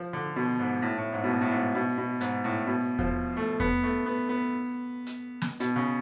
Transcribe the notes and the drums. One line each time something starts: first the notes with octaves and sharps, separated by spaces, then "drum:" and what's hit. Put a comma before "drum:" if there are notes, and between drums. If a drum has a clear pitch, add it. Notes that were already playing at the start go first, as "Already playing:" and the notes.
Already playing: F3
D3
B2
G#2
A2
A2
G#2
B2
A2
A2
G#2
B2
B2
G#2, drum: hi-hat
A2
B2
F3, drum: kick E2
A3
B3, drum: kick E2
A3
B3
B3
drum: hi-hat
drum: snare
B2, drum: hi-hat
C#3